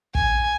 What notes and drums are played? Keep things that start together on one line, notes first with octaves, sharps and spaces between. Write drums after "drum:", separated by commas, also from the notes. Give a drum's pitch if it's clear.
G#5, drum: kick